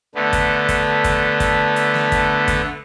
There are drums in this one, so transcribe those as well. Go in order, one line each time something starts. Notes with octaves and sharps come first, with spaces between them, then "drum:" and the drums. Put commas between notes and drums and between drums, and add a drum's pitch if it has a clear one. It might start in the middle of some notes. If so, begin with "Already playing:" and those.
D3 A3 B3
drum: kick, hi-hat
drum: kick, hi-hat
drum: kick, hi-hat
drum: kick, hi-hat
drum: hi-hat
drum: snare
drum: kick, hi-hat
drum: kick, hi-hat